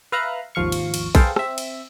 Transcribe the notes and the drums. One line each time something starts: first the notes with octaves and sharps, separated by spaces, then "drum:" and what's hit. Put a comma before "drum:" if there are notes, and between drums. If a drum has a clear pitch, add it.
B4 E5 F5 A#5 F#6
G#1 D#2 F3 F5 C#6
drum: cymbal
drum: cymbal
G#4 A4 B4 C5 F5 G5, drum: kick A#1, cymbal
C4 E5, drum: rim click
drum: cymbal